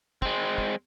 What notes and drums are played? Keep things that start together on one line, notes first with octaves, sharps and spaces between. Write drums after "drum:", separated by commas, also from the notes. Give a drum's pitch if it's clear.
G#3 C4, drum: kick
drum: kick